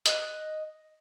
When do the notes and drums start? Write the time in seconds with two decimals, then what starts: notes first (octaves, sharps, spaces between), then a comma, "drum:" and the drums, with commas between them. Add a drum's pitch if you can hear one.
0.06 D#5 F#6, drum: hi-hat